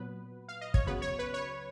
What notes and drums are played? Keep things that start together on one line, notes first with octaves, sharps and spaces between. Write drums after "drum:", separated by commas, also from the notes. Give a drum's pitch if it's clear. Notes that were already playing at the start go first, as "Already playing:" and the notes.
Already playing: A#2 F#3 B3 B4
F5
D#5
C#5, drum: kick
C#2 C#3 F#3 B3 B4
C#5
B4
C#5